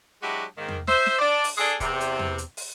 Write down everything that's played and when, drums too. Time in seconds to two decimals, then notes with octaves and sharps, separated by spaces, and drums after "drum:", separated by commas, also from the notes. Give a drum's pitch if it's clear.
0.22 F#3 G#3 D4 E4 F#4 G4
0.58 G#2 D#3 A#3
0.68 drum: tom E2
0.87 C5 E5, drum: snare
1.06 drum: snare
1.19 D4 D5
1.44 drum: open hi-hat
1.58 D4 G#4 A4
1.80 E2 C3, drum: kick, hi-hat
2.00 drum: hi-hat
2.19 drum: tom E2
2.38 drum: hi-hat
2.57 drum: open hi-hat